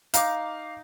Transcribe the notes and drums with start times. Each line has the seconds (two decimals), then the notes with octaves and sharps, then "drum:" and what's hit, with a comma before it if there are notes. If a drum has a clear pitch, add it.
0.14 D#4 F5 D6, drum: hi-hat